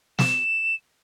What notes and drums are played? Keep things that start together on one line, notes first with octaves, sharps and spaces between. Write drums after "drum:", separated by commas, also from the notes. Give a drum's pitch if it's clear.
E7, drum: snare